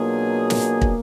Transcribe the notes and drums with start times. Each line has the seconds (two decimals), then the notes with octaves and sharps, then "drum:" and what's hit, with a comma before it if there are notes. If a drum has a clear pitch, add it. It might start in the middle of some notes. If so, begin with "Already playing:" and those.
Already playing: B2 F#3 A#3 D4 F4 G#4
0.50 drum: snare
0.81 drum: kick